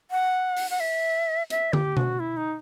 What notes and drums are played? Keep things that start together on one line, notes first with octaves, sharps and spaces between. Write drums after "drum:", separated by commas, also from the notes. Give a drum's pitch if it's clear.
F#5
drum: open hi-hat
F#5
E5
E5, drum: hi-hat
G4, drum: tom D3
F#4, drum: tom B2
E4
D#4